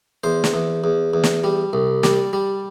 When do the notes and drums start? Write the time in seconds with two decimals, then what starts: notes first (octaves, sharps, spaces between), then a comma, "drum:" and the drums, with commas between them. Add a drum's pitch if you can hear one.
0.24 E2 C5
0.44 drum: snare
0.54 E2
0.84 E2
1.14 E2
1.23 drum: snare
1.44 G3
1.73 C2
2.03 G3 D5, drum: snare
2.33 G3